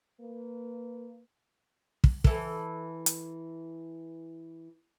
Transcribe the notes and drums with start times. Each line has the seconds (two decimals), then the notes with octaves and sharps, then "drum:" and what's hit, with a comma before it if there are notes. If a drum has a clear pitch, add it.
0.21 A#3 B4
2.04 drum: kick
2.24 E3 A4, drum: kick
3.06 drum: hi-hat